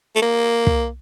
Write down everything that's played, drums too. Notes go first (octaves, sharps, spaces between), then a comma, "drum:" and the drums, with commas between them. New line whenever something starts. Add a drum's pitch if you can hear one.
A3
A#3
drum: kick